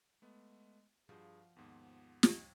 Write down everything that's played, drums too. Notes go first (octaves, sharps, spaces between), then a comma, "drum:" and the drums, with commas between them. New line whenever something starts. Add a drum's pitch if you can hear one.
G#3 A3 B3
G2 F3 F4 F#4 G#4
D#2 G#2 B3
G3 C4 D#5, drum: snare